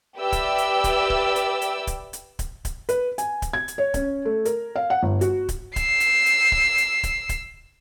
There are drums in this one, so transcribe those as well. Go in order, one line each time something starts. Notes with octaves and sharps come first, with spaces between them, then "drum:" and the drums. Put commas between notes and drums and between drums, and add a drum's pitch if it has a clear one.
G4 B4 D5 E5 G5 E6
drum: kick D1, hi-hat
drum: hi-hat
drum: kick D1, hi-hat
drum: kick D1
drum: hi-hat
drum: hi-hat
drum: kick D1, hi-hat
drum: hi-hat
drum: kick D1, hi-hat
drum: kick D1, hi-hat
B4, drum: hi-hat
G#5, drum: hi-hat
drum: kick D1, hi-hat
G#6
drum: hi-hat
C#5
C#4, drum: kick D1, hi-hat
A3
A#4, drum: hi-hat
F5
F#5
G1
F#4, drum: hi-hat
drum: kick D1, hi-hat
E6 C7, drum: kick D1, hi-hat
drum: hi-hat
drum: hi-hat
drum: kick D1
drum: hi-hat
drum: kick D1, hi-hat
drum: kick D1, hi-hat